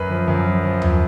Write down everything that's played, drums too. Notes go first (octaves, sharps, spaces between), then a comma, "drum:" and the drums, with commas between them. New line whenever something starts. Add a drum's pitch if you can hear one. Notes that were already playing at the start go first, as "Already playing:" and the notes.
Already playing: F#2 B4
F3
F#2
F3
F3
F#2, drum: tom D#2